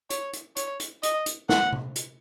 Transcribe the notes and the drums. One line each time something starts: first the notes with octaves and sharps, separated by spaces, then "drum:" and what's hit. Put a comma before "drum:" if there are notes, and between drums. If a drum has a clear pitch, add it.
C#5, drum: hi-hat
drum: hi-hat
C#5, drum: hi-hat
drum: hi-hat
D#5, drum: hi-hat
drum: hi-hat
F#5, drum: snare
drum: tom C3
drum: hi-hat